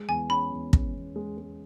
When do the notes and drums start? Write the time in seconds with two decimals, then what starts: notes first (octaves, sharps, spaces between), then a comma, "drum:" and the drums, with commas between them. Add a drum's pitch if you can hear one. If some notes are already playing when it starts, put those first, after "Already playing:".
Already playing: G#3
0.08 E2 G#5
0.29 C#4 B5
0.52 E2
0.73 C#4, drum: kick
0.95 E2
1.16 G#3
1.38 G#3